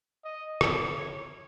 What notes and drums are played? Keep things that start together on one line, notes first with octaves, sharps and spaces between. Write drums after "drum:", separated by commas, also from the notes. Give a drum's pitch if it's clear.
D#5
drum: rim click
C#5